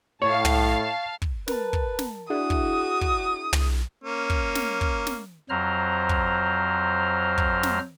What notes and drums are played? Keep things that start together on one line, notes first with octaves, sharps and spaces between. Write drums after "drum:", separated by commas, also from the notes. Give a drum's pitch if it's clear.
A2 C#5 F5 A5
drum: tom
drum: kick
A#4 B4 A5, drum: snare
drum: kick
drum: snare
D4 E4 F#4 G#4 D#6
drum: kick
drum: kick
drum: tom
A#3 C#4
drum: kick
drum: snare
drum: kick
drum: snare
F2 F#3 C5 A#5 F6
drum: kick
drum: kick
drum: snare